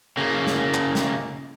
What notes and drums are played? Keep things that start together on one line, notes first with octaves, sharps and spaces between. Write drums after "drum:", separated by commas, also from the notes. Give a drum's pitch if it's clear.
C#3 A#3
drum: snare
drum: clap
drum: snare